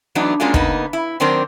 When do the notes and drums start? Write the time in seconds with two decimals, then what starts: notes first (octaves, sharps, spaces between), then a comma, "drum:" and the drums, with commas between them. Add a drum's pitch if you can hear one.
0.15 E3 F#3 A3 B3 D4 D#4
0.40 G#3 A#3 C#4 D4 F4 F#4
0.54 C#3 A#3 B3 D#4, drum: kick
0.93 E4
1.20 D#3 F#3 C4 D4 A#4 C5